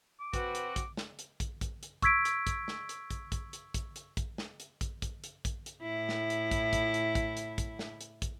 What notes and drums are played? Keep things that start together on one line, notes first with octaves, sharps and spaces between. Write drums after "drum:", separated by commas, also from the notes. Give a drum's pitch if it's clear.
D6
C4 F#4 B4, drum: kick, hi-hat
drum: hi-hat
drum: kick, hi-hat
drum: snare
drum: hi-hat
drum: kick, hi-hat
drum: kick, hi-hat
drum: hi-hat
C#6 E6 G#6 B6 D7, drum: kick, hi-hat
drum: hi-hat
drum: kick, hi-hat
drum: snare
drum: hi-hat
drum: kick, hi-hat
drum: kick, hi-hat
drum: hi-hat
drum: kick, hi-hat
drum: hi-hat
drum: kick, hi-hat
drum: snare
drum: hi-hat
drum: kick, hi-hat
drum: kick, hi-hat
drum: hi-hat
drum: kick, hi-hat
drum: hi-hat
A2 E4
drum: snare
drum: hi-hat
drum: kick, hi-hat
drum: kick, hi-hat
drum: hi-hat
drum: kick, hi-hat
drum: hi-hat
drum: kick, hi-hat
drum: snare
drum: hi-hat
drum: kick, hi-hat